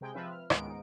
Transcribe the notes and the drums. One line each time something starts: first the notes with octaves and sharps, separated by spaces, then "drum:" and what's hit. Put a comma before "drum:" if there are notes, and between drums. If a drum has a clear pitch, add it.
C3 G#3 G5
F3 C4 F4 B4 E5
F6
C#2 G#2 D#3 G#3 B3 D7, drum: rim click
G#2 D#4